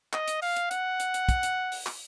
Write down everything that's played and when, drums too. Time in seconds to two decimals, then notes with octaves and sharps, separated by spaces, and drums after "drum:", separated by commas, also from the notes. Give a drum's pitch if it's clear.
0.13 D#5, drum: clap
0.28 drum: hi-hat
0.42 F5, drum: open hi-hat
0.56 drum: hi-hat
0.71 F#5, drum: hi-hat
1.00 drum: hi-hat
1.14 drum: hi-hat
1.29 drum: kick, hi-hat
1.43 drum: hi-hat
1.72 drum: open hi-hat
1.86 drum: clap